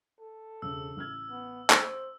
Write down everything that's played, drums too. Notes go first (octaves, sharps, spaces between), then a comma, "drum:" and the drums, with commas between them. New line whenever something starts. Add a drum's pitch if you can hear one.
A4
E1 C#3 E6
A1 F6 G#6
B3
C5, drum: clap